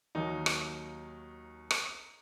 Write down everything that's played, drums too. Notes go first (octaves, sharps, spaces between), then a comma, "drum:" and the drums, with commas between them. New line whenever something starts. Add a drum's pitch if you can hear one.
D#2 D#3 F#3 A#3 D#4
drum: rim click
drum: rim click